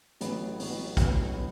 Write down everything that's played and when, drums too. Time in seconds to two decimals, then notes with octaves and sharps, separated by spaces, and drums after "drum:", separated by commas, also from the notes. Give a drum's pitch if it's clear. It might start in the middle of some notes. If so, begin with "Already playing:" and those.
0.21 A1 A2 F#3 B3, drum: hi-hat
0.59 A1 A2 F#3 B3, drum: open hi-hat
0.97 A1 A2 F#3 B3, drum: kick, hi-hat
1.35 F#3 B3